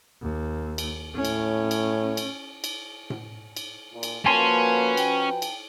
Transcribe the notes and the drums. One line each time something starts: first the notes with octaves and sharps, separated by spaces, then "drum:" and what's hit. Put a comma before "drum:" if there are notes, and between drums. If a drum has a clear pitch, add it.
D#2
drum: cymbal
A2 C#4
drum: cymbal
drum: cymbal
drum: cymbal
drum: cymbal
drum: tom A2
drum: cymbal
A#2
drum: cymbal
F3 A#3 C#4 F#4 B4 G#5 A5 C6
G5, drum: cymbal
drum: cymbal